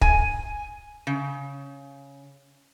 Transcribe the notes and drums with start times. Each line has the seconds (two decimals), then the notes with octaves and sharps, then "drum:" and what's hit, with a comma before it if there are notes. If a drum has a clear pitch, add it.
0.01 G#5, drum: kick
1.07 C#3